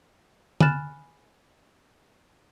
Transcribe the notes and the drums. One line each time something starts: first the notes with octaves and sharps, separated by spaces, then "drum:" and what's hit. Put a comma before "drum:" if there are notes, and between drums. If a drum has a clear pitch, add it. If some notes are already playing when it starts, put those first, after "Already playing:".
G#5 B5 F6 F#6 A6 E7, drum: tom